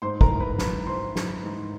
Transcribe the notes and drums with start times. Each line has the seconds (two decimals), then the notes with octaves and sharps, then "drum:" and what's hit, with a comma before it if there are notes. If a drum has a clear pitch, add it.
0.02 G#2 C5 C6
0.21 A#4 A#5, drum: kick
0.30 E3
0.40 B4 B5
0.58 G#2 B4 B5, drum: snare
0.87 E3 C5 C6
1.16 E3, drum: snare
1.44 G#2